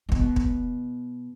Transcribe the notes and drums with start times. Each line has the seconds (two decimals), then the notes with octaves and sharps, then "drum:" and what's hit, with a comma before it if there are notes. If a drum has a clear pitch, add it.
0.09 A2
0.12 B2, drum: kick
0.36 drum: kick